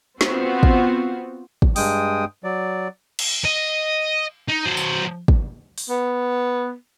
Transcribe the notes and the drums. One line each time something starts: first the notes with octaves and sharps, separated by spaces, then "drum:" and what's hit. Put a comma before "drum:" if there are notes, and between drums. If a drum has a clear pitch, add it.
B3 C4 F4 F#4 C5, drum: snare
drum: kick
drum: kick
G2 G#3 G5 D#6, drum: open hi-hat
F#3 D5
drum: cymbal
D#5
D#4
F#3 C5
drum: tambourine
drum: kick
drum: open hi-hat
B3